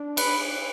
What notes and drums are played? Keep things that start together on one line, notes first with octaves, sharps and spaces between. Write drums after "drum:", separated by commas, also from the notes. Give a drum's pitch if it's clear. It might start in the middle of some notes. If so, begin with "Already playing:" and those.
Already playing: D4
B4, drum: cymbal